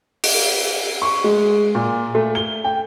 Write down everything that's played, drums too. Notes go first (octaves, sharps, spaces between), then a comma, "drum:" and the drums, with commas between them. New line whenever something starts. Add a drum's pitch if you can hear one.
drum: open hi-hat
C#6
G#3
A#2
A3
G7
G5